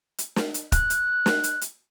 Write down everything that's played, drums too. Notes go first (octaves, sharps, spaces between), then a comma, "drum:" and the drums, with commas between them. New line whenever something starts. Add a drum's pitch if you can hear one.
drum: hi-hat
drum: snare
drum: hi-hat
F#6, drum: kick, hi-hat
drum: hi-hat
drum: snare
drum: hi-hat
drum: hi-hat